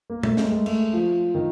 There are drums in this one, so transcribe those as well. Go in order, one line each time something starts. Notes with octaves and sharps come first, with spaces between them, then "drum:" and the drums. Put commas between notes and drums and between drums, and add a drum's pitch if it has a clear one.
A#3
A3, drum: tom
G#3, drum: snare
G#3
A3, drum: cymbal
F3
D#3